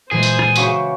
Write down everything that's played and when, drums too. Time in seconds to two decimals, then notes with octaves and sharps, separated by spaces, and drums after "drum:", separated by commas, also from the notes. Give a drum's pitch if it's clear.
0.11 A#2 E3 G#3 G#4 C5
0.23 drum: tambourine
0.39 drum: rim click
0.56 C#3 F#4 B4 C#6 D6, drum: tambourine